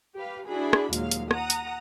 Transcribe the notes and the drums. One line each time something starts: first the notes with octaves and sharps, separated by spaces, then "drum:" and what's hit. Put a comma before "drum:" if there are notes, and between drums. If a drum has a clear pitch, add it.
G4 B4 F5
D4 E4 F#4 G#4 B5
drum: rim click
D#2 A#2 F#3 G#3 F5, drum: hi-hat
drum: hi-hat
F#5 A#5 D#6, drum: rim click
drum: hi-hat